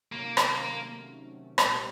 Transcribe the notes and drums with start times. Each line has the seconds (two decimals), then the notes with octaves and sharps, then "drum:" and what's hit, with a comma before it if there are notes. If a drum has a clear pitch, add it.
0.12 C3 D#3 F#3 A3 A#3 C#4
0.37 drum: rim click
1.58 C2 A#2 G3 B3 D4, drum: rim click